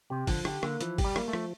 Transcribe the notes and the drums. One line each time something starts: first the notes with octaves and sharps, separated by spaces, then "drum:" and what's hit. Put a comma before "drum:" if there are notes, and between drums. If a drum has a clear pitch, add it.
C3 G4
D3 F3, drum: kick, open hi-hat
D3 G4, drum: rim click
D3 A#3, drum: rim click
E3 F3, drum: hi-hat
G4, drum: kick, open hi-hat
G3
A#3, drum: rim click
A3
F3, drum: rim click